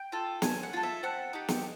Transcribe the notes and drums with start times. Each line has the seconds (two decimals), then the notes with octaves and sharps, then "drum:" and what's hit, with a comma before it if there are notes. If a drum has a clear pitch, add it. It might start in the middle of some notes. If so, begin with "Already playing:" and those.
Already playing: G5
0.12 F4 A4
0.42 C#4 G#5, drum: snare
0.63 F#5
0.73 F4 A4
0.83 E5
1.03 C4 F#5
1.33 D#4 G4
1.48 drum: snare